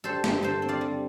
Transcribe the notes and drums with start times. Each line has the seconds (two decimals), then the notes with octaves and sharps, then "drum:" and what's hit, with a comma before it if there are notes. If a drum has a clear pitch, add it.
0.04 G3 A4 C5
0.24 G2, drum: snare
0.41 D3 A4 C5
0.62 C4
0.69 D5 F5
0.81 G3